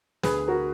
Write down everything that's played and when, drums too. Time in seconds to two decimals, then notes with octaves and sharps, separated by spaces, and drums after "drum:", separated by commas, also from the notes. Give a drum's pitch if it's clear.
0.23 D2 G#4 B4, drum: snare
0.48 F#4 A#4